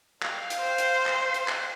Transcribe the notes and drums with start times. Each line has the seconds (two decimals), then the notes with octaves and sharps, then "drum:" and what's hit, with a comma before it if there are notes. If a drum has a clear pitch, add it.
0.22 F5 G5, drum: clap
0.50 drum: hi-hat
0.60 C5
0.78 drum: hi-hat
1.06 drum: clap
1.34 drum: hi-hat
1.48 drum: clap